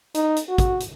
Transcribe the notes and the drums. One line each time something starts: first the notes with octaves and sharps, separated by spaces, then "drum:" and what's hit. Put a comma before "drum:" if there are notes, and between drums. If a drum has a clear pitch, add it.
D#4, drum: hi-hat
drum: hi-hat
F#4
drum: kick, hi-hat
drum: hi-hat